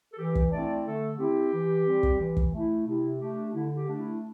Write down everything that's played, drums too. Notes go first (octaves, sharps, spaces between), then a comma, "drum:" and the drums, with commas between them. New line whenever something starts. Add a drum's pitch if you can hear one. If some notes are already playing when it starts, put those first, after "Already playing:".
A4
E3 G4
drum: kick
A3 C4 D4 E4 D5
D3 A3 A4
C4 E4 G4
E3
G3 C4
drum: kick
E3
drum: kick
A3 E4
C3 E4
A3 D4 G4
D3 E4
G4
A3 D4
E4